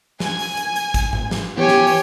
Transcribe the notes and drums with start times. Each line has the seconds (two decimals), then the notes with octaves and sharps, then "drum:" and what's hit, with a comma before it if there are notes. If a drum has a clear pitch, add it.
0.20 G#5, drum: snare
0.39 drum: open hi-hat
0.57 drum: hi-hat
0.76 drum: hi-hat
0.94 drum: kick G#1, hi-hat
1.13 drum: tom G#2
1.31 drum: snare
1.57 E3 B3 G4 C#5 G#5
1.68 drum: snare
1.87 drum: open hi-hat